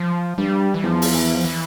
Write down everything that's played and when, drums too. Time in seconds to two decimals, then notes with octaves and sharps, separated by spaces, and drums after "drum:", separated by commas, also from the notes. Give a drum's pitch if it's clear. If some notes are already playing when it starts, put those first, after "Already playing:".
Already playing: F3
0.38 G2 G3
0.74 E3
0.83 E2 F3
1.02 drum: open hi-hat
1.14 E3
1.34 F3
1.44 E3